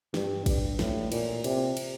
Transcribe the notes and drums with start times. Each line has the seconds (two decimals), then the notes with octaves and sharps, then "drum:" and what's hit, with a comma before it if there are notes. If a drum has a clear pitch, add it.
0.14 G2, drum: snare
0.46 G2, drum: kick, cymbal
0.79 A2, drum: snare
1.12 A#2, drum: cymbal
1.44 C3, drum: cymbal
1.77 drum: cymbal